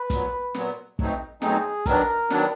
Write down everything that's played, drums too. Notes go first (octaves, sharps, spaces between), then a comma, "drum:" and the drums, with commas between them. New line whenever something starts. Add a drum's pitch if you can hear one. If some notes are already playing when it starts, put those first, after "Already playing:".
Already playing: B4
A#2 F#3 B3, drum: kick, hi-hat
A#2 F#3 B3, drum: snare
B2 F#3 A3 C4 D#4, drum: kick
B2 F#3 A3 C4 D#4 G#4, drum: snare
D#3 F#3 B3 D4 A#4, drum: kick, hi-hat
D#3 F#3 B3 D4, drum: snare